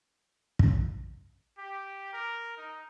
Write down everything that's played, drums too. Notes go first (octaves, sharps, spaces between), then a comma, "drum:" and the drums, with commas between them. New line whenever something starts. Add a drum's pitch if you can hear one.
drum: kick
G4
A#4
D#4